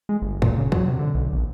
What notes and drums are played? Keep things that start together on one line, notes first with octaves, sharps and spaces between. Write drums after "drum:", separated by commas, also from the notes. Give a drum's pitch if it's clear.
G#3
G1
A#2, drum: kick
C#3
F#3, drum: kick
C3
D3
B1
A#1